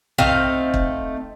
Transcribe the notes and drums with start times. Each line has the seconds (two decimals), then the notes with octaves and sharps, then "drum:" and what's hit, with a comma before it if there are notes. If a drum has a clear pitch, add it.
0.18 A3 C4 D#4 F5, drum: tom
0.74 drum: kick